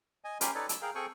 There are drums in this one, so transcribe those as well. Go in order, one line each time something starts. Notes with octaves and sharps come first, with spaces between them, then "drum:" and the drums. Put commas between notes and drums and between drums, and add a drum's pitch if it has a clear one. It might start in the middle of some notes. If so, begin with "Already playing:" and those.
D#5 G#5
C#4 G4 A#4 G#5 B5 C6, drum: hi-hat
D#4 A4 B4 C#5 D5
E6, drum: hi-hat
G#4 A#4 F5 G5
C4 G#4 A4 G5 G#5 C#6